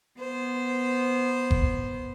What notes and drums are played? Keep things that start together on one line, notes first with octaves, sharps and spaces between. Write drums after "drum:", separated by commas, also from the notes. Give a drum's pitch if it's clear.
B3 C5
drum: kick F#1